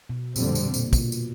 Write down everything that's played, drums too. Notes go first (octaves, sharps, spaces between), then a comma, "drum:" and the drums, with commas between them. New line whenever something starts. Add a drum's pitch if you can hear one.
B2
F2 A#2 D3 G3 C4, drum: tambourine
A#2, drum: tambourine
B2
A#2, drum: tambourine
B2, drum: kick, tambourine
drum: tambourine